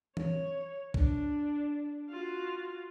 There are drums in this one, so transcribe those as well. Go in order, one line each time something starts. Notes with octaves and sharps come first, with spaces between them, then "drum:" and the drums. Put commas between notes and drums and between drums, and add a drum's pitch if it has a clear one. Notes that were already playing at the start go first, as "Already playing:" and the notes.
C#5, drum: tom E3
D4, drum: kick B1
F4 F#4